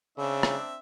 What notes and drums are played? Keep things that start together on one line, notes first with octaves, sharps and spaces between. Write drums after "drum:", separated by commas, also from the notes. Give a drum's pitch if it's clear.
C#3 C4 D4 E5
drum: rim click